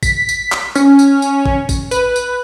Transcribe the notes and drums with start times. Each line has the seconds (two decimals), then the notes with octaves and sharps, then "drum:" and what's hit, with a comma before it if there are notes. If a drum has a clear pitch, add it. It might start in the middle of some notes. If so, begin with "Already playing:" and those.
0.03 B6, drum: kick A1, tambourine
0.29 drum: tambourine
0.52 drum: clap
0.75 C#4, drum: tambourine
0.99 drum: tambourine
1.22 drum: tambourine
1.46 drum: kick A1
1.69 drum: kick A1, tambourine
1.91 B4, drum: tambourine
2.16 drum: tambourine